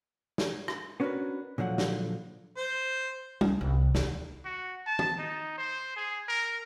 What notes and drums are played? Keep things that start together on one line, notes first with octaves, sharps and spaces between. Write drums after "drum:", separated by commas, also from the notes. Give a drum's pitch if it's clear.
drum: snare
drum: rim click
B3 C#4 D4 F#4 A#4 B4
A#2 D3 F3 F#3 F#5
drum: snare
C5
C#2, drum: tom
C2
D#2 E3, drum: snare
F#4
A5
drum: tom
D#4
C5
G#4
A#4